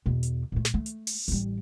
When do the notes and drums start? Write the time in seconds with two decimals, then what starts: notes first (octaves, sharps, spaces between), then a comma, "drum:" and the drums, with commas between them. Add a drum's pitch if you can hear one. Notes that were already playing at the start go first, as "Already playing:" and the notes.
0.06 E2 B2
0.23 drum: hi-hat
0.52 A#2 A3
0.65 drum: snare
0.74 A3
0.86 drum: hi-hat
1.07 drum: open hi-hat
1.28 A1 G3, drum: hi-hat